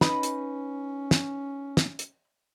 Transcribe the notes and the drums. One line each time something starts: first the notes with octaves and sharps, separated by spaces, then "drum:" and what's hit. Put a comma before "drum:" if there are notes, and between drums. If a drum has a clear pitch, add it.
C#4 D#4 B4 B5, drum: snare
drum: hi-hat
drum: snare
drum: snare
drum: hi-hat